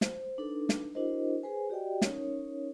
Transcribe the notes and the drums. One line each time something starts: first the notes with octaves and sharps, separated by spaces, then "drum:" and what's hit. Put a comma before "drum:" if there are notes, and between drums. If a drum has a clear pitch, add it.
C5, drum: snare
D4 D#4 A4 B4
drum: snare
D4 E4 F#4 A#4 C5 D#5
G#4 B4 C5 G#5
F#4 G4 D5 D#5 G5
C#4 D#4 A#4 C#5, drum: snare